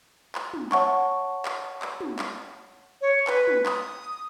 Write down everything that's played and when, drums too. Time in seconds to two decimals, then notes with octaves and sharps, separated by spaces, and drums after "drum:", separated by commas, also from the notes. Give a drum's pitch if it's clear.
0.35 drum: clap
0.54 drum: tom
0.72 C#5 E5 F#5 A5 C#6, drum: clap
1.45 drum: clap
1.82 drum: clap
2.01 drum: tom
2.19 drum: clap
3.01 C#5
3.27 B4, drum: clap
3.47 drum: tom
3.66 D#6, drum: clap